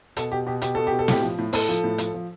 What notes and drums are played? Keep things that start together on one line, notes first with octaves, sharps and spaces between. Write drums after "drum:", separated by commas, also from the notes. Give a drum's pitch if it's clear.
B2 A4, drum: hi-hat
B2 G4
B2 G4
B2 G4, drum: hi-hat
B2 A4
G4
B2
A4
A2 G4, drum: snare
F3
A2
A2 A4, drum: open hi-hat
F3
A2
F3, drum: hi-hat
F3